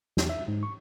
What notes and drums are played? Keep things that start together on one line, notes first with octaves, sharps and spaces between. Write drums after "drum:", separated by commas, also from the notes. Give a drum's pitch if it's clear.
E2, drum: snare
E5
G#2
C#6